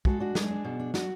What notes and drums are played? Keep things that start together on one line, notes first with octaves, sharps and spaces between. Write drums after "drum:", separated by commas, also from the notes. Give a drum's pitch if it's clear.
G#3 F#4 A4, drum: kick
D4 F#4
G#3 G#4, drum: snare
D4
B2
D4
D4 F#4, drum: snare